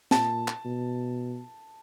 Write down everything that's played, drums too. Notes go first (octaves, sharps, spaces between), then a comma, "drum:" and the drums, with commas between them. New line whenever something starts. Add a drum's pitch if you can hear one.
A#2 A5, drum: snare
drum: clap
B2